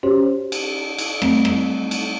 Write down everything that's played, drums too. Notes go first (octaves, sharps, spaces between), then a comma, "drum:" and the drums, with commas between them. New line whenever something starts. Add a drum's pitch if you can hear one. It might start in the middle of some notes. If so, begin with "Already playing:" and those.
C#4 F#4 G4 C5 C#5
drum: cymbal
drum: cymbal
F#3 G3 A3 C4, drum: rim click
drum: rim click
drum: cymbal